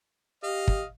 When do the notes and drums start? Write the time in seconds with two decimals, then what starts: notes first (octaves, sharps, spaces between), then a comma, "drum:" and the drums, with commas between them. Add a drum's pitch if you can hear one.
0.43 G4 D#5 F5
0.68 drum: kick